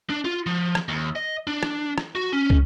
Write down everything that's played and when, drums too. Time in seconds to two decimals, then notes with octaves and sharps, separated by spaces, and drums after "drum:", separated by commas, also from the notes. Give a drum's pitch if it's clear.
0.10 D4
0.25 F4
0.46 F3
0.75 drum: rim click
0.89 D#2
1.16 D#5
1.47 D4
1.63 drum: rim click
1.98 drum: rim click
2.15 F#4
2.33 C#4
2.50 drum: kick